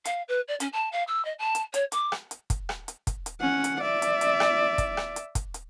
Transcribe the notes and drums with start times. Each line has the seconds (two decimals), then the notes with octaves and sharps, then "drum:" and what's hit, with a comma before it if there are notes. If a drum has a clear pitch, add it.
0.05 F5, drum: hi-hat
0.28 B4
0.48 D5
0.60 C#4, drum: hi-hat
0.73 A5
0.92 F5
1.08 E6
1.25 D#5
1.39 A5
1.55 drum: hi-hat
1.74 C#5, drum: hi-hat
1.92 D6, drum: hi-hat
2.12 drum: rim click
2.31 drum: hi-hat
2.50 drum: kick, hi-hat
2.69 drum: rim click
2.88 drum: hi-hat
3.07 drum: kick, hi-hat
3.26 drum: hi-hat
3.41 C#4 F#5
3.64 drum: hi-hat
3.82 D5 E5
4.02 drum: hi-hat
4.21 drum: hi-hat
4.40 drum: rim click
4.78 drum: kick, hi-hat
4.97 drum: rim click
5.16 drum: hi-hat
5.35 drum: kick, hi-hat
5.54 drum: hi-hat